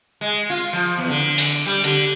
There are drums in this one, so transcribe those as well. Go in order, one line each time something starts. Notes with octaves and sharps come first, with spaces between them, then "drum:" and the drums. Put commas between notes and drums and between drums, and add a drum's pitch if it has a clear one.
G#3
F4
F3
E2
D3
drum: open hi-hat
G3
D3, drum: hi-hat